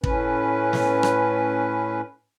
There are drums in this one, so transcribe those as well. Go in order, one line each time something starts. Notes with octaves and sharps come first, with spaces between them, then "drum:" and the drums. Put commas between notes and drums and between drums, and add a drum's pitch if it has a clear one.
A2 C#4 B4, drum: kick
drum: snare
drum: rim click